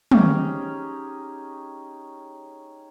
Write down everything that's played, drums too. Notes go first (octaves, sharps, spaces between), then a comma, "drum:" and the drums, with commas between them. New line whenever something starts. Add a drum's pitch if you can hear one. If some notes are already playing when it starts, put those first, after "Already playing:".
C#4 D#4 G4 G#4, drum: tom